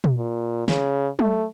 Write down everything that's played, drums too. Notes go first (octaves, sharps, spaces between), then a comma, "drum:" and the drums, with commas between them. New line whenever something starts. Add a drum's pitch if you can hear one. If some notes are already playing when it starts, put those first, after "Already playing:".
drum: tom
A#2
C#3, drum: snare
A3, drum: tom